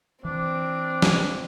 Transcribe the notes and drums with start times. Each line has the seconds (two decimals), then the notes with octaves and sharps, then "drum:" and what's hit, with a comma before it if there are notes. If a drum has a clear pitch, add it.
0.25 E3 C4 D4
1.02 drum: snare